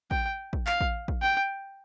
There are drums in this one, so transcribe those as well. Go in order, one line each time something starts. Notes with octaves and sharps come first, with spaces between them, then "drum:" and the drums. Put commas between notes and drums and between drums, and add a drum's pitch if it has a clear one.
G5, drum: kick
drum: kick
F5, drum: clap
drum: kick
drum: kick
G5